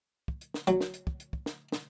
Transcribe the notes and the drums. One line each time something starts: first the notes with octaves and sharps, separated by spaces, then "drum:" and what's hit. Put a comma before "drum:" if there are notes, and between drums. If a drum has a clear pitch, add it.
drum: kick
drum: hi-hat
drum: snare
F#3, drum: hi-hat
drum: snare
drum: hi-hat
drum: kick
drum: hi-hat
drum: kick
drum: snare
drum: snare